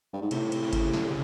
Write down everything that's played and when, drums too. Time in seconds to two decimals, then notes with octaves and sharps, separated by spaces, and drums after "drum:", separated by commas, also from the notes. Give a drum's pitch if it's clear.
0.13 G2
0.22 G#2
0.31 A2 C3, drum: cymbal
0.52 drum: cymbal
0.62 C#3
0.73 drum: kick G1, cymbal
0.93 D3, drum: snare